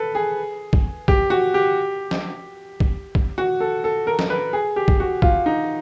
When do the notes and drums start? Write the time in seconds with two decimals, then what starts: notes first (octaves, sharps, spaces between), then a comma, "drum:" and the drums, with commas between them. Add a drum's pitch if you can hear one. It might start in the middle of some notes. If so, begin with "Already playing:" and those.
Already playing: A4 B4
0.15 G#4
0.73 drum: kick
1.08 G4, drum: kick
1.30 F#4
1.54 G4
2.11 drum: snare
2.80 drum: kick
3.15 drum: kick
3.38 F#4
3.61 A4
3.84 A4
4.07 A#4
4.19 drum: snare
4.30 B4
4.53 G#4
4.76 G4
4.88 drum: kick
5.00 F#4
5.22 F4, drum: kick
5.46 D#4